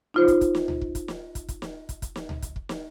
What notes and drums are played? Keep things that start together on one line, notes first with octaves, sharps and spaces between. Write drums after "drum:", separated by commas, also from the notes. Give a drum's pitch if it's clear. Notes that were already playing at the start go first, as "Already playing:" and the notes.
D#4 F4 C5
drum: kick, hi-hat
drum: kick, hi-hat
drum: snare
drum: tom C#2
drum: kick
drum: kick, hi-hat
drum: snare
drum: kick, hi-hat
drum: kick, hi-hat
drum: snare
drum: kick, hi-hat
drum: kick, hi-hat
drum: snare
drum: tom C#2
drum: kick, hi-hat
drum: kick
drum: snare